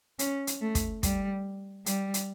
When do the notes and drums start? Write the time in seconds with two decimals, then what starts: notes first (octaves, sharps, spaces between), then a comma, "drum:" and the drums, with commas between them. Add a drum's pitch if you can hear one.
0.19 C#4, drum: hi-hat
0.47 drum: hi-hat
0.61 A3
0.75 drum: kick, hi-hat
1.03 G3, drum: kick, hi-hat
1.86 G3, drum: hi-hat
2.14 drum: hi-hat